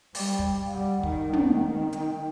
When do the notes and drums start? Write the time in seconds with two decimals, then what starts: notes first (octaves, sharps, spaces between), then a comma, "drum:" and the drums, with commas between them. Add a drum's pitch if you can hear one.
0.15 G3 G5, drum: open hi-hat
0.39 drum: kick
0.66 F5
0.74 G3 F#5
1.03 D#3, drum: kick
1.33 D#3, drum: tom
1.93 G5, drum: hi-hat